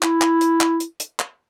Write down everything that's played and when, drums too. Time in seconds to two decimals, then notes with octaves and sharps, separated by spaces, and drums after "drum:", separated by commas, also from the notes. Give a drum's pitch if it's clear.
0.02 E4, drum: clap
0.21 drum: clap
0.41 drum: hi-hat
0.61 drum: clap
0.80 drum: hi-hat
1.00 drum: hi-hat
1.19 drum: clap